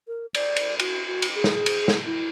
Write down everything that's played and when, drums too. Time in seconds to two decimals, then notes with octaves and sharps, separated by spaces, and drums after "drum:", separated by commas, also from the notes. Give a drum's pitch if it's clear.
0.08 A#4
0.34 D5, drum: cymbal
0.56 drum: cymbal
0.79 F#4, drum: cymbal
1.07 F#4
1.22 drum: cymbal
1.35 G#4
1.44 drum: snare
1.66 drum: cymbal
1.88 drum: snare
2.06 E4